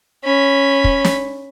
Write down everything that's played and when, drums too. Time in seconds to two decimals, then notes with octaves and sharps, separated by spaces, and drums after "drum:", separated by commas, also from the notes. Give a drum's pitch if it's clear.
0.24 C#4 B5
0.84 drum: kick
1.05 drum: snare